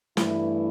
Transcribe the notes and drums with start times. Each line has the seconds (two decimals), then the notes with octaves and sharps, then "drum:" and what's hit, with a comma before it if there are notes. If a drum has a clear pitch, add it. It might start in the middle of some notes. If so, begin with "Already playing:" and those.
0.17 G2 E3 A3 E4, drum: snare